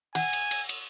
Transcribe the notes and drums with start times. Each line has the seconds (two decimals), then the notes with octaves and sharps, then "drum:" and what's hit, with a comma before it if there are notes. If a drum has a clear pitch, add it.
0.15 F#5 G#5, drum: cymbal
0.33 drum: cymbal
0.51 drum: cymbal
0.69 drum: cymbal